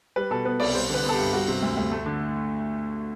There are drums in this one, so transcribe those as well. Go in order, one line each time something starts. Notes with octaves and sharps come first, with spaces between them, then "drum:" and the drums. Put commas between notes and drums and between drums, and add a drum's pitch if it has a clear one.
G3 B4
B2 A4
B3 B4
C2 D5, drum: cymbal
G3 C5
D3 B4
B3
A4
G2 G4
G3 F#4
C3
D2
D2
A3
D3